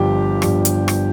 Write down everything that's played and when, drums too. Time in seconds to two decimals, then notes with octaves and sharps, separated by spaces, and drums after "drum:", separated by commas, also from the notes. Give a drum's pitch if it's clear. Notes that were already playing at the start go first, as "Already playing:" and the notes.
Already playing: G1 G2 F3 G4
0.42 G1 G2 F3, drum: rim click
0.65 drum: hi-hat
0.88 drum: rim click